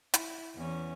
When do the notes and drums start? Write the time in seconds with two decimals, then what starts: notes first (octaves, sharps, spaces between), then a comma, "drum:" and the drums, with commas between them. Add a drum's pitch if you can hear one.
0.14 E4, drum: hi-hat
0.56 E2 E3 C#4